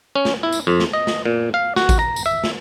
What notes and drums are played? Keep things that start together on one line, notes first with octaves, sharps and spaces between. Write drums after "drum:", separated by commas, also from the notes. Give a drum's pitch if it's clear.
C#4
drum: snare
E4
drum: tambourine
F2
drum: snare
D#5
drum: snare
A#2
F5
F#4, drum: snare
drum: kick A1, tambourine
A#5
drum: tambourine
E5
drum: snare